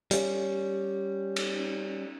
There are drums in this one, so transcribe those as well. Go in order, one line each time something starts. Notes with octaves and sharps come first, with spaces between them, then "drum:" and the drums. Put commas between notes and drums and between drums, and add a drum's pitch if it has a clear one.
G3 C#4, drum: hi-hat
drum: cymbal